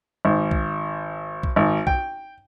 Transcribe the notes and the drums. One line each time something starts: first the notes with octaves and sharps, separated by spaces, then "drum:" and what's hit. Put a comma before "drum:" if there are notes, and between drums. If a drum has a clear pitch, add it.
G#1
drum: kick B1
drum: kick B1
G#1
G5, drum: kick B1